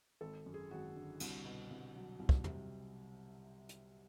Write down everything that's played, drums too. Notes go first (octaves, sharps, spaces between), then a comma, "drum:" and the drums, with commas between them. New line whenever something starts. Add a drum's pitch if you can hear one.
G#1 A4
F#2
G#4
G#1 F#4
D3
C2 F#4, drum: cymbal
B2
C2
F#3
C2
drum: kick
C3, drum: tom
drum: hi-hat